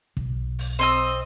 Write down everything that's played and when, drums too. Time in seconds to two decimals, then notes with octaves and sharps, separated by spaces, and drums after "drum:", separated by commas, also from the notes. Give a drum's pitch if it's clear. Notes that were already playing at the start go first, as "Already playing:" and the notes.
0.17 B1, drum: kick
0.59 drum: open hi-hat
0.79 C4 D#5 E6